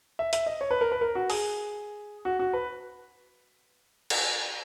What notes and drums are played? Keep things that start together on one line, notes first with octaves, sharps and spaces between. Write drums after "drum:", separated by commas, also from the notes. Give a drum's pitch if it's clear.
E5
E5, drum: hi-hat
D#5
C#5
B4
A#4
B4
A#4
F#4
G#4, drum: open hi-hat
F#4
F#4
B4
drum: cymbal